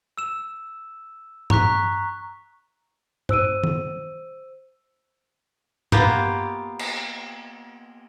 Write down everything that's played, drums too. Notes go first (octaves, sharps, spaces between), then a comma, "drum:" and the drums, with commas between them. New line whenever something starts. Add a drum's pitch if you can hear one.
E6 E7
A#5 C#6 F#6 B6, drum: tom G2
C5 E6 D7 D#7, drum: tom G2
drum: tom D#3
A#3 B3 F4 G4, drum: tom G2
drum: cymbal